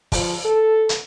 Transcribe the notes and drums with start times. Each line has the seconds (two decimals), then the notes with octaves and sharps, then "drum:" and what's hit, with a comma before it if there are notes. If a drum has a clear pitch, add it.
0.12 F3, drum: kick, open hi-hat
0.45 A4
0.89 drum: hi-hat